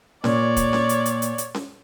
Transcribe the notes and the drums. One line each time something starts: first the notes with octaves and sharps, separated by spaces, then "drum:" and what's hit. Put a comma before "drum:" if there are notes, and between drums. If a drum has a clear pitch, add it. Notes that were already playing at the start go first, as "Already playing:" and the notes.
A#2 C#5 D5, drum: snare C#4
drum: kick, hi-hat
drum: snare C#4
drum: hi-hat
drum: hi-hat
drum: hi-hat
drum: hi-hat
drum: snare C#4